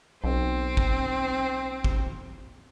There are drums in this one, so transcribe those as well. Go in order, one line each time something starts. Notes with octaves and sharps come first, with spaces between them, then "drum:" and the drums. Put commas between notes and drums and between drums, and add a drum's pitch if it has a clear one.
B1 C4
drum: kick
drum: kick